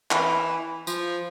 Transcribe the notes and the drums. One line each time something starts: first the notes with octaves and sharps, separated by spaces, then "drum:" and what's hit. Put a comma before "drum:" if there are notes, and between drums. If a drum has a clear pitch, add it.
E3, drum: clap
F3, drum: tambourine